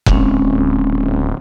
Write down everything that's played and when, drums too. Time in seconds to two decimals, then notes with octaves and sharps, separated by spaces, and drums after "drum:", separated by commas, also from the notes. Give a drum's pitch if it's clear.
0.06 D1 G#3 C4 C#4, drum: kick F1